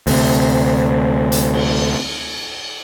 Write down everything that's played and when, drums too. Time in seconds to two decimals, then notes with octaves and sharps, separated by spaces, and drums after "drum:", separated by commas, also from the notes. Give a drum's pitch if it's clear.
0.07 D2 C3, drum: open hi-hat
1.32 drum: hi-hat
1.54 drum: cymbal